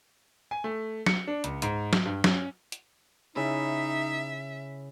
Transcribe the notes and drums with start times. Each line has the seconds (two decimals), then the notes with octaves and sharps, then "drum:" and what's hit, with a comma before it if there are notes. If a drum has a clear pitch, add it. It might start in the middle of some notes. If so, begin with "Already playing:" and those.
0.51 G#5
0.64 A3
1.06 C#7, drum: snare
1.27 D4
1.44 C#2, drum: hi-hat
1.62 G#2, drum: hi-hat
1.93 drum: snare
2.05 G2
2.24 C#4, drum: snare
2.72 drum: hi-hat
3.36 C#3 D#4 E4 E5